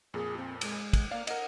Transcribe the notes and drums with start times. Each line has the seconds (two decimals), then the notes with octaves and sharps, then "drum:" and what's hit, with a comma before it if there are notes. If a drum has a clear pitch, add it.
0.14 F2 A#2 G#4
0.36 C4
0.61 G#3, drum: cymbal
0.93 drum: kick, cymbal
1.11 A#3 D5 F5
1.27 A#4 D#5 F#5, drum: cymbal